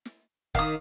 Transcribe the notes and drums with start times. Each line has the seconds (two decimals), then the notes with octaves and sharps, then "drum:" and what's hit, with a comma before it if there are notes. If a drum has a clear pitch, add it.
0.05 drum: snare
0.55 D#3 F5 D#6, drum: kick F#1